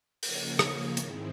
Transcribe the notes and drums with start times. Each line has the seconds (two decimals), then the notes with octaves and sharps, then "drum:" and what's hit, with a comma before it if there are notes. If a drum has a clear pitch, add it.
0.23 C#3 F3 A#3 C#4, drum: open hi-hat
0.59 drum: rim click
0.97 G#2 D#3 G#3 C4 E4, drum: hi-hat